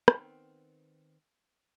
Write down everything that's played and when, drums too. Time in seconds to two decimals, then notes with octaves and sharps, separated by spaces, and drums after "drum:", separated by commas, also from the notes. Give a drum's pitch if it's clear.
0.08 D#3 B3 C4, drum: rim click